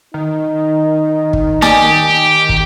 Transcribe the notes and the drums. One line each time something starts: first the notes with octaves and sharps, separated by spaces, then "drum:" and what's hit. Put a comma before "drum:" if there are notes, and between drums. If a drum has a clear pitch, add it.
D#3 D#4
drum: kick
G4 D5 G#5 D#6, drum: snare
drum: kick